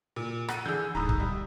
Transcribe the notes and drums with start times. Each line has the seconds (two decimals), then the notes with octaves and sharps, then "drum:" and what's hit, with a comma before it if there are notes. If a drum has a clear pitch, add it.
0.16 A#2
0.48 A4 F#5 D#7, drum: rim click
0.66 D3 E3 G#4 E6 G6
0.95 D1 G#2 A#5 B5 D#6
1.09 drum: kick
1.20 G3